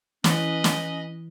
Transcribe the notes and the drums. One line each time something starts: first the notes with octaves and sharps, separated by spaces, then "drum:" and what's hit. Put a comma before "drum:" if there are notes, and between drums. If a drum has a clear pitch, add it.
E3 C#4 B4 D#5, drum: snare
drum: snare